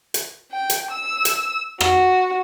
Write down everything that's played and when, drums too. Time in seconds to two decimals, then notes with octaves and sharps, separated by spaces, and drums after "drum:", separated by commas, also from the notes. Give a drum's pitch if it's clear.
0.14 drum: hi-hat
0.51 G5
0.70 drum: hi-hat
0.91 E6
1.25 drum: hi-hat
1.81 F#4, drum: rim click